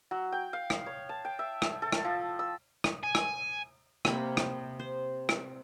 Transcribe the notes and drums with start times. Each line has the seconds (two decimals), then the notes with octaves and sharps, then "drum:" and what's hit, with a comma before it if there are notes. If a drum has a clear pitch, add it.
0.11 F#3
0.32 G5
0.53 F5
0.70 drum: rim click
0.86 C#5
1.09 A5
1.25 G5
1.39 E5
1.62 E5, drum: rim click
1.82 A4
1.92 drum: rim click
2.05 F3
2.39 E6
2.84 drum: rim click
3.04 G#5
3.15 drum: rim click
4.05 C3 A#3 B5, drum: rim click
4.37 drum: rim click
4.80 C5
5.29 drum: rim click